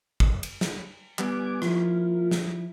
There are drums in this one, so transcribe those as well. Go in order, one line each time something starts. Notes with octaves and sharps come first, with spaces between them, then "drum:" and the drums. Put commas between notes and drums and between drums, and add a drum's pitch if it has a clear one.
drum: kick
drum: cymbal
drum: snare
G3 B3 G#5 D6, drum: clap
F3 A#3 E4 F4, drum: rim click
drum: snare